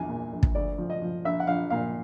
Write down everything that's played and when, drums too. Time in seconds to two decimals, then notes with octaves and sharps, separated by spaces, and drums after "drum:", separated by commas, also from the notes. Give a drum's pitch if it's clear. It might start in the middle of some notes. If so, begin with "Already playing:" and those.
Already playing: A#1 E2 G#5
0.09 A#2
0.33 A#1
0.43 drum: kick
0.55 D2 D5
0.78 F3
0.90 D#5
1.02 F3
1.25 A#1 E5
1.40 F#5
1.47 A#1 F5
1.70 A#2 F5